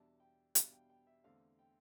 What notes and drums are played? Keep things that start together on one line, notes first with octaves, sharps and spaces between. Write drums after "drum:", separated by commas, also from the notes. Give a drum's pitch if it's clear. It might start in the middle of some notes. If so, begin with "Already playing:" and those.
Already playing: E2 B2 G3 D4 A5
G5
E2 B2 G3 D4 F5, drum: hi-hat
G5
G5
E5
E2 D3 A3 C4 F5
G5